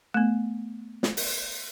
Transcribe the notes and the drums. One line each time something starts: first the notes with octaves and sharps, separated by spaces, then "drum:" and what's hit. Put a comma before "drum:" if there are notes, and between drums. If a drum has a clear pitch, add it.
A3 B3
drum: snare
drum: open hi-hat